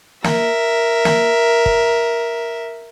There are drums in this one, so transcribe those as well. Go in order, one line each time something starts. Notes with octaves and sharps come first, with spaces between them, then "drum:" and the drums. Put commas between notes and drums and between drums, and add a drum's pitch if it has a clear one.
A#4 E5, drum: snare
drum: snare
drum: kick